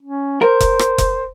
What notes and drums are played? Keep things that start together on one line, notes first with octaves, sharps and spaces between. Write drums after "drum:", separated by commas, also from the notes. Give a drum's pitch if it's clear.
C#4
A#4 C5
drum: kick F1, hi-hat
drum: rim click
drum: kick F1, hi-hat